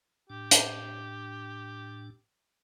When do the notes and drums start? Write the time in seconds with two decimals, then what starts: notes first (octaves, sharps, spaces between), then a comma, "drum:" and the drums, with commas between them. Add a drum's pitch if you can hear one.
0.30 A2 D4 G4
0.51 drum: hi-hat